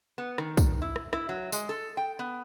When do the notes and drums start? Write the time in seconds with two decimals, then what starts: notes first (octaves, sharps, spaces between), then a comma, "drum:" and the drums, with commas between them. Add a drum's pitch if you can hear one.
0.18 B3
0.38 D#3, drum: rim click
0.57 drum: kick, tambourine
0.82 E4
0.96 drum: rim click
1.13 E4, drum: rim click
1.29 F#3
1.52 G#3, drum: tambourine
1.69 A4
1.97 G5
2.19 B3